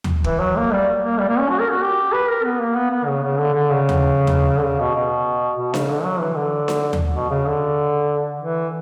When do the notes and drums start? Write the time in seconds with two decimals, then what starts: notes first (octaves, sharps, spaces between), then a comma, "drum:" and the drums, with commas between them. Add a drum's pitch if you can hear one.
0.04 drum: tom D#2
0.24 E3, drum: kick
0.40 F#3
0.56 A#3
0.72 G3
1.03 A#3
1.19 G3
1.29 A#3
1.39 C#4
1.50 F#4
1.60 A#4
1.71 F#4
1.82 G4
2.12 B4
2.28 A#4
2.44 B3
2.60 A#3
2.76 B3
2.91 B3
3.07 C#3
3.23 C#3
3.38 D3
3.54 D3
3.70 C#3
3.89 drum: tom D#2
4.27 drum: tom D#2
4.57 D3
4.63 C#3
4.80 B2
4.95 B2
5.58 B2
5.74 C#3, drum: snare D4
5.90 D3
6.04 F#3
6.21 E3
6.35 D3
6.68 drum: snare D4
6.93 drum: tom D#2
7.15 B2
7.30 C#3
7.46 D3
8.39 E3